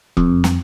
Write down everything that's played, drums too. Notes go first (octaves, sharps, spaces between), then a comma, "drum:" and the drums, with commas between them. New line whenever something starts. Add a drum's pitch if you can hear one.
F2, drum: kick E1
drum: snare